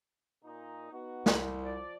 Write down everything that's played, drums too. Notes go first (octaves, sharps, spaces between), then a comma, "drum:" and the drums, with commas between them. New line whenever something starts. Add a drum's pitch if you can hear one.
A#2 D#4
B3 D#4 F#4
C2, drum: snare
F3 D5